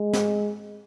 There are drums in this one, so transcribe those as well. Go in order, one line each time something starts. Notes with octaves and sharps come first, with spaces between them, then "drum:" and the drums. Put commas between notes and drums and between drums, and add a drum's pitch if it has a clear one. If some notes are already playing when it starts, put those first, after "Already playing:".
Already playing: G#3
drum: snare